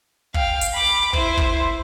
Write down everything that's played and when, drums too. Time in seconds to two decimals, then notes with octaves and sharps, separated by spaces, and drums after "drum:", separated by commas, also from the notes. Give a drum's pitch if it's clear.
0.34 F5 G5, drum: kick
0.61 drum: hi-hat
0.73 B5 D6
1.13 E4 C5, drum: kick
1.37 drum: kick